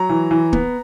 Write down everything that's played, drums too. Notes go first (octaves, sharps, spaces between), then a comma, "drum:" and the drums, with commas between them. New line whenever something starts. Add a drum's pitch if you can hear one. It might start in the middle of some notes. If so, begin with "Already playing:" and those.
Already playing: F#3 A#5
E3
E3
B3, drum: kick D1